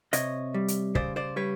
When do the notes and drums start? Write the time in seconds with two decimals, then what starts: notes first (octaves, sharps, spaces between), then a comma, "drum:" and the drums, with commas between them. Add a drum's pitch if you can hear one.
0.13 C3 C#5 D#5, drum: hi-hat
0.54 G3
0.68 drum: hi-hat
0.95 C#3 C5 D5, drum: kick
1.16 C5 D5
1.36 G3 B4 C#5